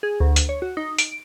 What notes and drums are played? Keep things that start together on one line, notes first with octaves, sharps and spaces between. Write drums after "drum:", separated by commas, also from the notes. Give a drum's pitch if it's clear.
G#4
D2
drum: hi-hat
C#5
F#4
D#4
D7, drum: hi-hat